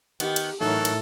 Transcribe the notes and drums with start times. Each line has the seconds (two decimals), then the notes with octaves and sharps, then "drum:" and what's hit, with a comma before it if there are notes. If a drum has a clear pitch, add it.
0.20 D#3 B3 G4, drum: cymbal
0.36 drum: cymbal
0.61 A2 E3 F#3 A3 D#4 A4 A#4
0.85 drum: cymbal